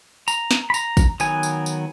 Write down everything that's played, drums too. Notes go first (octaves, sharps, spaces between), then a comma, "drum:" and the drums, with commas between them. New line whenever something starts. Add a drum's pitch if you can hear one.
A#5, drum: tambourine
drum: snare
B5
A#5, drum: tambourine
drum: kick, tambourine
D#3 F#3 B3 G#5, drum: tambourine
drum: tambourine
drum: tambourine